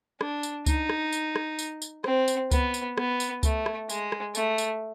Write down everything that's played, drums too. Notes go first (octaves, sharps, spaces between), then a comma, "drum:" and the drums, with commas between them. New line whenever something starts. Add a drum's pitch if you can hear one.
D4, drum: rim click
drum: tambourine
D#4, drum: kick C#2, tambourine
drum: rim click
drum: tambourine
drum: rim click
drum: tambourine
drum: tambourine
C4, drum: rim click
drum: tambourine
B3, drum: kick C#2, tambourine
drum: tambourine
B3, drum: rim click
drum: tambourine
A3, drum: kick C#2, tambourine
drum: rim click
G#3, drum: tambourine
drum: rim click
A3, drum: tambourine
drum: tambourine